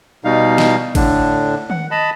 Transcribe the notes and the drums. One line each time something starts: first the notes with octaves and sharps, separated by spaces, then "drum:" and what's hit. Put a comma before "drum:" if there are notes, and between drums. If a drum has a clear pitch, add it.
B2 G3 D#4 F5
drum: snare
A2 D3 D4, drum: kick G#1, cymbal
F#5, drum: tom D#3
D#5 A5 B5